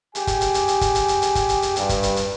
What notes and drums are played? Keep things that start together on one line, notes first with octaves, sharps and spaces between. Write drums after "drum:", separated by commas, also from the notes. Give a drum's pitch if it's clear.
G4 G#4 G#5, drum: hi-hat
drum: kick, hi-hat
drum: hi-hat
drum: hi-hat
drum: hi-hat
drum: kick, hi-hat
drum: hi-hat
drum: hi-hat
drum: hi-hat
drum: kick, hi-hat
drum: hi-hat
drum: hi-hat
G2, drum: hi-hat
drum: kick, hi-hat
drum: hi-hat
drum: hi-hat